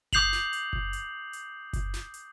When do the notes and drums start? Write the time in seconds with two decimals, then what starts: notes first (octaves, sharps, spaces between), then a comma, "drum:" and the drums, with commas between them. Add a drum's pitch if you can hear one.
0.13 D6 D#6 G6 C7 F7 F#7, drum: kick F#1, hi-hat
0.33 drum: snare
0.53 drum: hi-hat
0.73 drum: kick F#1
0.93 drum: hi-hat
1.33 drum: hi-hat
1.73 drum: kick F#1, hi-hat
1.94 drum: snare
2.14 drum: hi-hat